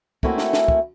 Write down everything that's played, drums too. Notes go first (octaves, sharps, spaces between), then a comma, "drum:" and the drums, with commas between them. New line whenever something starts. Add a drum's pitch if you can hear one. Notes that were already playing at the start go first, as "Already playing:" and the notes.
A3 A#3 C4 C#4 E4 F#4, drum: kick
drum: snare
drum: snare
drum: kick